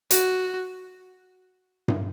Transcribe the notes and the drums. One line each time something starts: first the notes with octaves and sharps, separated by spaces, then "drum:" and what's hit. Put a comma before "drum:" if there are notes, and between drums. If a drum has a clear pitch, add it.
F#4, drum: hi-hat
drum: tom G2